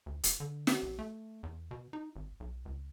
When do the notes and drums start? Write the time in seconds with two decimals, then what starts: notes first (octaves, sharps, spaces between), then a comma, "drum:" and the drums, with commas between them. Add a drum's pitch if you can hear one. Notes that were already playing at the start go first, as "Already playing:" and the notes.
0.06 D2
0.24 E1, drum: hi-hat
0.40 D3
0.67 drum: snare
0.83 A#1
0.99 A3
1.43 E2
1.71 B2
1.93 D#4
2.16 G#1
2.40 B1
2.65 C#2